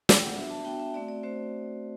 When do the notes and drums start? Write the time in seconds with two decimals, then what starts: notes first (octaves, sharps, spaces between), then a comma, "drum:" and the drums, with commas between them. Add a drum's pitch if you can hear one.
0.09 G5, drum: snare
0.22 F#5
0.36 B3 D4 F#4 E5
0.50 A5
0.65 B3 D4 F#4 G5
0.80 E5
0.94 A3 C4 F#4 D5
1.08 D5
1.23 A3 C4 F#4 C5